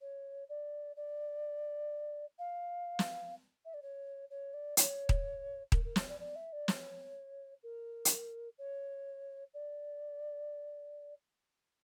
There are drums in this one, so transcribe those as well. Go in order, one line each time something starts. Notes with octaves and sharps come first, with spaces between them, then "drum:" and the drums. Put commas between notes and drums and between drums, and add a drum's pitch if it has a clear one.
C#5
D5
D5
F5
drum: snare
E5
D5
C#5
C#5
D5
C#5, drum: hi-hat
drum: kick D#1
A#4, drum: kick D#1
A#4
C#5, drum: snare
D5
D5
E5
D5
C#5, drum: snare
A#4
drum: hi-hat
C#5
D5